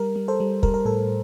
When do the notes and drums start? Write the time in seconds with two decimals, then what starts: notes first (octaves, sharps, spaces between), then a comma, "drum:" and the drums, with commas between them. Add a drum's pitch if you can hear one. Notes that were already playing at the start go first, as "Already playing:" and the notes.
Already playing: G3 A#4
0.16 G3
0.28 A4 C5
0.40 G3
0.63 G3 A#4, drum: kick
0.74 A#4
0.85 A2 A4